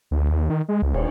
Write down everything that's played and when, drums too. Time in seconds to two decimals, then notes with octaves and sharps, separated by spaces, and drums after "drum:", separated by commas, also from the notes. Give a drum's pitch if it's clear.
0.11 D2
0.30 D#2
0.50 D#3
0.69 G#3
0.82 C#2
0.94 D#1, drum: cymbal